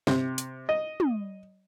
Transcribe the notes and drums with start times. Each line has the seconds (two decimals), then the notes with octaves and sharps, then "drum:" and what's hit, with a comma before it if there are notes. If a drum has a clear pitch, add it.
0.07 C3, drum: snare
0.38 drum: hi-hat
0.69 D#5
1.00 drum: tom